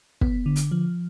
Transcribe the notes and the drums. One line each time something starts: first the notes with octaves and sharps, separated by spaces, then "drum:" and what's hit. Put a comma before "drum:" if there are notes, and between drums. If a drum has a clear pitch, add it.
B3, drum: kick
D3
drum: hi-hat
F3